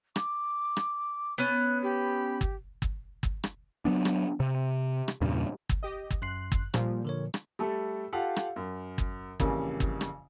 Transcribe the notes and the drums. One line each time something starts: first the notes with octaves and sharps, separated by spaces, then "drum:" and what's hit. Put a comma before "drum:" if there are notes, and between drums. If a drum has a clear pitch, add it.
D6, drum: rim click
drum: rim click
B3 C#4 F#6
G4 B5
drum: kick
drum: kick
drum: kick
drum: rim click
F#3 B3 D4
drum: rim click
C3
drum: rim click
E2 G2 A#2 C#3
drum: kick
G4 D#5
drum: kick
F#2 C6 F#6 C7
drum: kick
A#2 F3 G3 F4, drum: rim click
D3 A#4 C#5
drum: rim click
G3 A3 A4
F4 G4 A4 F5 F#5
drum: rim click
F#2
drum: kick
A#1 F2 C#3 E3 G3 A#3, drum: kick
drum: kick
drum: rim click